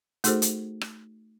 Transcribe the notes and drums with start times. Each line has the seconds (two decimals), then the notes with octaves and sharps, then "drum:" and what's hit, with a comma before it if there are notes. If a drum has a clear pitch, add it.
0.24 A3 D#4 F#4 G#4 A4 C5, drum: hi-hat
0.42 drum: hi-hat
0.81 drum: rim click